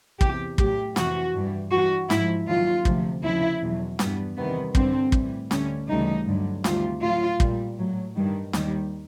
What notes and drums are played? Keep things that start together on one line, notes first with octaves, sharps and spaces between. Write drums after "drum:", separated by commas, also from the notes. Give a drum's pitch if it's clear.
E2 C3 E3 G4, drum: kick
A2 F#3 G4, drum: kick
F2 C3 E3 F#4, drum: snare
G2 E3 G3
G2 E3 G3 F#4
G#2 F3 E4, drum: snare
D#2 C#3 F#3 F4
D2 C3 F3, drum: kick
D#2 C#3 F3 E4
E2 B2 F#3
G2 E3 G3 B3, drum: snare
E2 C3 D#3 G3 B3
G2 D3 G3 C4, drum: kick
A2 E3 G3, drum: kick
D2 D3 G3 C#4, drum: snare
D2 C#3 E3 G3 D#4
G2 D3 F#3
D2 C3 D#3 G3 F4, drum: snare
A2 F#3 F4
A#2 G3, drum: kick
A2 F#3
G2 D#3 G3
D#2 D#3 G3, drum: snare